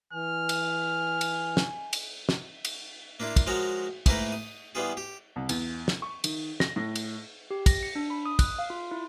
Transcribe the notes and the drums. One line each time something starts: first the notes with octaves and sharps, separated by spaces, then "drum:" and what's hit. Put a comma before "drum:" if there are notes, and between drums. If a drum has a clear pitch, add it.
E3 G#5 F6
drum: cymbal
drum: cymbal
drum: snare
drum: cymbal
drum: snare
drum: cymbal
A#3 D4 E4 F4
drum: kick, cymbal
F3 G#3 F#4 A#4 C#5
G#2 A3 A#3 E4 A#4 B4, drum: kick, cymbal
D#6
E3 G3 B3 F4 G#4
G4
C2
E2, drum: cymbal
drum: snare
C#6
D#3, drum: cymbal
A#6, drum: snare
A2
drum: cymbal
G4
A#6, drum: kick, cymbal
C#7
D4
B5
D#6
F#6, drum: kick, cymbal
F5
F4
E4